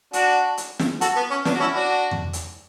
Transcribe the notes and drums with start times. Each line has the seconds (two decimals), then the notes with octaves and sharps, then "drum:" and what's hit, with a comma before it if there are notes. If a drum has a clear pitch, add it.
0.13 D4 F#4, drum: hi-hat
0.57 drum: hi-hat
0.79 drum: snare
1.01 F#4 A4, drum: hi-hat
1.16 B3
1.31 C#4
1.45 B3 D4, drum: snare
1.54 F#4
1.60 C#4 E4
1.75 D4 F#4
2.11 drum: tom E2
2.33 drum: hi-hat